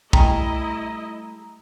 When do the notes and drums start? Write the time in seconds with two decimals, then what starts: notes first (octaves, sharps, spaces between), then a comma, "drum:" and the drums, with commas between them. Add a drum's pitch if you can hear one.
0.13 G3 A3 E4 D#5 G5 G#5 A#5, drum: kick